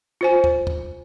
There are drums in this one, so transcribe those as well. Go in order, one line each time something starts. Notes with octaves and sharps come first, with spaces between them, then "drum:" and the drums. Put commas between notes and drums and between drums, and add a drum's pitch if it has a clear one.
F4 C5 G#5
drum: kick
drum: kick